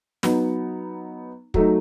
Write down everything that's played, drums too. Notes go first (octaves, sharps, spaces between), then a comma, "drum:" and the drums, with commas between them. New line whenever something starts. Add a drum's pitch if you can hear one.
F#3 B3 D#4, drum: snare
F#3 A3 D#4, drum: kick